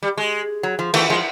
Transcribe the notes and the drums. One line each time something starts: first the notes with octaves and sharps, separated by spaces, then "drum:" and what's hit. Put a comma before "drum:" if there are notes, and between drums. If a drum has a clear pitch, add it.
G3
G#3
F#3
F3
E3 A3, drum: cymbal
F3 G#3